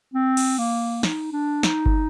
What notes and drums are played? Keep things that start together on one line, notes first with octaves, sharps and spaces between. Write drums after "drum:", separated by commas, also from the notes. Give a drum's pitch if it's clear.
C4
drum: cymbal
A#3
D#4, drum: snare
D4
D#4, drum: snare
drum: kick G1